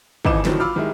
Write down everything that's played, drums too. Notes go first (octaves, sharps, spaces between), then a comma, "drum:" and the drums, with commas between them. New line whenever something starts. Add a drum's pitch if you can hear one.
D#1 G#1 E3 D#4 D6 E7, drum: kick
A2 D3 D#3 F3 F#3, drum: snare
F4 B5 D6 E6 F6
D#3 G3 G#3 E4